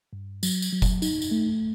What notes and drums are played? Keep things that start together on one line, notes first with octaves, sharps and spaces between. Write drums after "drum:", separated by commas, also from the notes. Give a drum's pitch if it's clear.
G2
F#3, drum: tambourine
drum: tambourine
F#3
drum: kick F#1, tambourine
D#4, drum: tambourine
drum: tambourine
A3